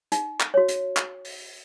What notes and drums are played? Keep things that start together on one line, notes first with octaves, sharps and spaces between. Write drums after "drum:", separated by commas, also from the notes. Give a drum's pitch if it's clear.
D#4, drum: hi-hat
drum: clap
F#4 C#5
drum: hi-hat
drum: clap
drum: open hi-hat